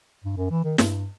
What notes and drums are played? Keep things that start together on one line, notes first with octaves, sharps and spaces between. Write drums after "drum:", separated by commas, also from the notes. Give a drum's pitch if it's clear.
G2
F#2
E3
D#3
G2, drum: snare